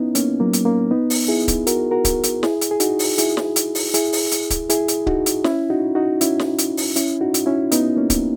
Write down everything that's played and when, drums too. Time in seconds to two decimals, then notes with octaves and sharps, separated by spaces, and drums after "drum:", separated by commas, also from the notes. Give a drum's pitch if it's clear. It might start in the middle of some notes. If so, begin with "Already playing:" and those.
Already playing: B3 C#4 D#4 E4
0.15 A#3 C#4, drum: hi-hat
0.40 F#3 A#3
0.53 drum: hi-hat
0.65 A#3 C#4
0.91 B3 D#4
1.10 drum: open hi-hat
1.28 E4 G#4
1.48 drum: kick C#1, hi-hat
1.67 F#4 A#4, drum: hi-hat
1.91 F#4 A#4
2.05 drum: kick C#1, hi-hat
2.23 drum: hi-hat
2.43 E4 G#4, drum: snare
2.61 drum: hi-hat
2.71 G#4
2.80 D#4 F#4, drum: hi-hat
2.99 drum: open hi-hat
3.18 E4 G#4, drum: hi-hat
3.37 drum: snare
3.56 drum: hi-hat
3.75 drum: open hi-hat
3.94 E4 G#4, drum: hi-hat
4.13 drum: open hi-hat
4.31 drum: hi-hat
4.50 drum: kick C#1, hi-hat
4.70 E4 G#4, drum: hi-hat
4.88 drum: hi-hat
5.07 D#4 F#4, drum: kick C#1
5.26 drum: hi-hat
5.44 C#4 E4, drum: snare
5.70 D#4 F#4
5.95 D#4 F#4
6.21 C#4 E4, drum: hi-hat
6.39 drum: snare
6.58 drum: hi-hat
6.77 drum: open hi-hat
6.96 C#4 E4, drum: hi-hat
7.21 D#4 F#4
7.34 drum: hi-hat
7.46 C#4 E4
7.72 B3 D#4, drum: hi-hat
7.96 A#3 C#4
8.10 drum: kick C#1, hi-hat